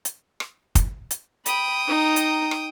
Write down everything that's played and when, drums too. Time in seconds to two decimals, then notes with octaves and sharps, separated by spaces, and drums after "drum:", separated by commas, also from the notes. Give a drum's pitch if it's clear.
0.05 drum: hi-hat
0.40 drum: rim click
0.75 drum: kick, hi-hat
1.11 drum: hi-hat
1.46 G5 B5 D#6, drum: hi-hat
1.88 D#4 A#5
2.16 drum: hi-hat
2.51 drum: rim click